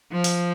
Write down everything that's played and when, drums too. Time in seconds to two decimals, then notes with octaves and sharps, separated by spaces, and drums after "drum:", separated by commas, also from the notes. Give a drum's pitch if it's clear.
0.12 F3
0.24 drum: open hi-hat